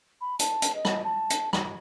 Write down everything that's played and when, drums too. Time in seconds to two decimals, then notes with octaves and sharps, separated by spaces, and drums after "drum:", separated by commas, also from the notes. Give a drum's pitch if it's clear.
0.21 B5
0.39 A5, drum: hi-hat
0.62 drum: hi-hat
0.75 D#5
0.85 drum: rim click
1.04 A5
1.30 drum: hi-hat
1.53 drum: rim click